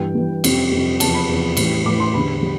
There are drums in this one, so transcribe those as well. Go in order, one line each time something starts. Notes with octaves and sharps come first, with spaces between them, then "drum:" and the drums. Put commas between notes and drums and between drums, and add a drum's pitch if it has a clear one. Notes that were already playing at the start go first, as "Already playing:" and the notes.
Already playing: G2 E3 G3 G5
G2 E3 G3
F2 C3 G3, drum: cymbal
F2 C3 G3
E2 C3 F3 A5, drum: cymbal
B5
E2 C3 F3
A2 E3 G3, drum: cymbal
A2 E3 G3 D6
C6
E2 D3 G3 B5
G3